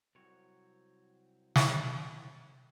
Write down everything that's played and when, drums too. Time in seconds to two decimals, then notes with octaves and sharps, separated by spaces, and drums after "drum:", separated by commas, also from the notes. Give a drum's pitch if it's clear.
0.15 C2 F#3 C4 C#5
1.56 drum: snare